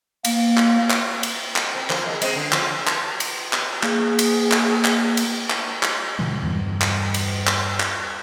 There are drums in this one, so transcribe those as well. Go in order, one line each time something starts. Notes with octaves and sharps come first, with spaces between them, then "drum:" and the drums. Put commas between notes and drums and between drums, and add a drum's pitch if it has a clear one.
A#3, drum: cymbal
drum: clap
drum: clap
drum: cymbal
drum: clap
C4
F3 A#3, drum: clap
G#3
G#3 C4, drum: cymbal
D3
F3, drum: clap
drum: clap
drum: cymbal
drum: clap
A#3 G#4, drum: clap
drum: cymbal
drum: clap
drum: clap
drum: cymbal
drum: clap
drum: clap
A#2 C#3 E3 G#3
E2 G2 E3
drum: clap
drum: cymbal
drum: clap
drum: clap